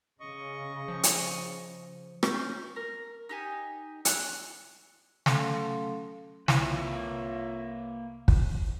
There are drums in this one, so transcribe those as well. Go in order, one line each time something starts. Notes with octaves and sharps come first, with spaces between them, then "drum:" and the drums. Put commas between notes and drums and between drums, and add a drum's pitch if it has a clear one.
C#3 D#5 C#6
F3
drum: hi-hat
C#4 G6, drum: rim click
A#4
D#4 G4 G#5
E6 F#6, drum: hi-hat
F#3 A3 C#4 A4 F5 C6, drum: snare
C2 G#3 A#3 E4 F4 B4 C#5 E5, drum: snare
drum: kick